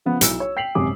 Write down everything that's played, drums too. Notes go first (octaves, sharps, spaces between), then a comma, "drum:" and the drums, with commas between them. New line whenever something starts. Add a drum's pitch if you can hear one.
C#3 F3 B3
B1 E4 E6, drum: hi-hat
C#5
G5 B6 C7 F7 F#7
G#1 F#2 C3 G#5 D6 D#6